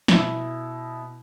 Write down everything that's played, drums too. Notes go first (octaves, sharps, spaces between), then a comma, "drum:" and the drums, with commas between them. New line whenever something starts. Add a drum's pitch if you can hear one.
B2 E4, drum: snare